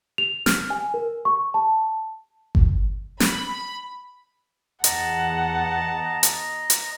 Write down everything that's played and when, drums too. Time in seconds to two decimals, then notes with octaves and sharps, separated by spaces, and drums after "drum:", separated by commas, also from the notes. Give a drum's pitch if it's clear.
0.18 F7
0.46 F6, drum: snare
0.70 G#5
0.94 A#4
1.25 C#6
1.54 A5
2.55 drum: kick G1
3.20 B5, drum: snare
4.84 E2 D#5 F#5 A5 A#5, drum: hi-hat
6.23 drum: hi-hat
6.70 drum: hi-hat